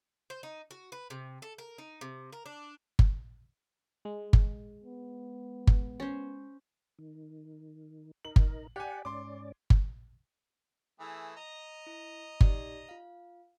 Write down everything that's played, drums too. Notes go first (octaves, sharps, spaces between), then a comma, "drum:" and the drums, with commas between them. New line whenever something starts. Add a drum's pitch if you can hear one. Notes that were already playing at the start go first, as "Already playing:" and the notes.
C5
D#4
F#4
B4
C3
A4
A#4
D#4
C3
A#4
D4
drum: kick G1
G#3
drum: kick G1
B3
drum: kick G1
C#4 C5
D#3
D#4 A#4 F#7
drum: kick G1
G4 D5 F#5 G#5
G#2 C#4 D5 C6 D6
drum: kick G1
E3 A3 G#4
D#5 A#5
E4
D#4 G4 D5, drum: kick G1
F4 F5